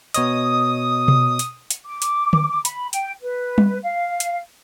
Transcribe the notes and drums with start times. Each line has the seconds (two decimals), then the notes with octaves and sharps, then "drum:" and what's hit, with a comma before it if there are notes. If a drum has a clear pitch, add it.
0.14 B2 C#5 D#5 D#6, drum: hi-hat
1.08 drum: tom B2
1.39 drum: hi-hat
1.71 drum: hi-hat
1.85 D6
2.02 drum: hi-hat
2.33 drum: tom D3
2.65 B5, drum: hi-hat
2.93 G5, drum: hi-hat
3.22 B4
3.58 drum: tom G3
3.83 F5
4.20 drum: hi-hat